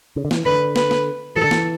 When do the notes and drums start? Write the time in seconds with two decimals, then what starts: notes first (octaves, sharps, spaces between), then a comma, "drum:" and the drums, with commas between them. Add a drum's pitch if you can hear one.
0.16 C#3
0.25 D3
0.31 E3, drum: snare
0.45 D3 B4
0.76 B4, drum: snare
0.91 drum: snare
1.36 E3 A4
1.44 D3
1.51 E3, drum: snare